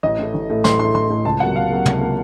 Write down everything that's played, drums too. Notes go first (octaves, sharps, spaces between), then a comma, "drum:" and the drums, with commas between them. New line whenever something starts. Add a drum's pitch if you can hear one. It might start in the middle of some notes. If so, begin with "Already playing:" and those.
A1 D#5
A2 A3
A1
A2 A3
A1 C6, drum: snare
A2 A3 C6
A1 C6
A2 A3
C#2 A5
C3 F#3 A#3 F#5
C#2 F5
C3 F#3 A#3
C#2, drum: tom
C3 F#3 A#3